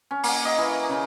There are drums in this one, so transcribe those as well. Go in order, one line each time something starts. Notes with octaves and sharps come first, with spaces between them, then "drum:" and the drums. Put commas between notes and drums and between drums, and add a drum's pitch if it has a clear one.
C#4
A#3, drum: open hi-hat
D#5
E3
C#3